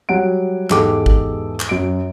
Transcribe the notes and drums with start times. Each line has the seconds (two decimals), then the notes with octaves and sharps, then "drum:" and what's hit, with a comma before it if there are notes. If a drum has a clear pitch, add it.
0.09 F#3 G3 F#5 D7
0.70 E2 G#2 G4 A4 D6, drum: clap
1.06 drum: kick
1.60 drum: clap
1.69 F#2 D7